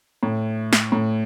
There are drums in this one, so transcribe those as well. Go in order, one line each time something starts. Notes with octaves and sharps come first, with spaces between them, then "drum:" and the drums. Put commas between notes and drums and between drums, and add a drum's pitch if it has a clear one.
A2
drum: snare
A2